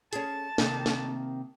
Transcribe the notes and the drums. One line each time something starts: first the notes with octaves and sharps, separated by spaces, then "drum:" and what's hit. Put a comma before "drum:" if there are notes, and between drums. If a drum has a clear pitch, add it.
C#4 G#4 A5, drum: hi-hat
C3 D#3 A#3, drum: snare
drum: snare